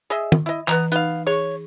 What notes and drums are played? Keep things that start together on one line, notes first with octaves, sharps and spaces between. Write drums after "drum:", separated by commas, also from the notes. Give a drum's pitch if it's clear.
G#4 D#5 E5
drum: tom
E4 D#5
E3 B3 B4 A#5, drum: clap
B3 D#4 F5, drum: hi-hat
G#4 C#5 C#6